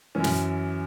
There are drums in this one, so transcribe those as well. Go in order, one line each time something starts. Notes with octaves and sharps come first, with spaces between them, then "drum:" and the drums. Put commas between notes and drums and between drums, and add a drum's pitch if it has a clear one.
F#2 E3 C#4
drum: snare